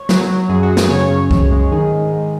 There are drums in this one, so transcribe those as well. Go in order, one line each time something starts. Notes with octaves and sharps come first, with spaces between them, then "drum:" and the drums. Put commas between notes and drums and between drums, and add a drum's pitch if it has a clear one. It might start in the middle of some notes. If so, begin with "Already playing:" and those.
Already playing: C#5
F#3, drum: snare
F#3
F#2 G#4
F#4
F#2
G#4, drum: snare
C#3 C#5
F#2
F#2, drum: kick C2
G#3
D#3 G#4
G#2
G#2